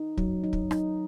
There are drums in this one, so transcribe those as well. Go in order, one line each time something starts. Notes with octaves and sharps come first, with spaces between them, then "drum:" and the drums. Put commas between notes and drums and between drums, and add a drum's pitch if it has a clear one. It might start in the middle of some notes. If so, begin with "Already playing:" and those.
Already playing: D#4
F#3, drum: kick
D#4
drum: kick
D#4, drum: rim click